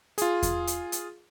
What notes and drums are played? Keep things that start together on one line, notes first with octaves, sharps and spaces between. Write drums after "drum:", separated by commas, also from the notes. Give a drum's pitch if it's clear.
F4 G#4, drum: hi-hat
drum: kick E2, hi-hat
drum: hi-hat
drum: hi-hat